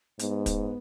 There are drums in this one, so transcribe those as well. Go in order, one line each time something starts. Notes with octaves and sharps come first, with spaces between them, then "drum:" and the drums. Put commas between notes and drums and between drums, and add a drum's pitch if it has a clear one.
G#2 B3, drum: hi-hat
drum: kick, hi-hat